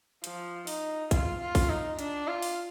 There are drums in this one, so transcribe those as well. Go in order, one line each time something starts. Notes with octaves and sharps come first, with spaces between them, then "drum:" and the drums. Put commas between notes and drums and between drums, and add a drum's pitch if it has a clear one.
F3, drum: hi-hat
D#4, drum: open hi-hat
F4, drum: kick, hi-hat
F4
drum: kick, open hi-hat
D#4
D4, drum: hi-hat
F4
drum: open hi-hat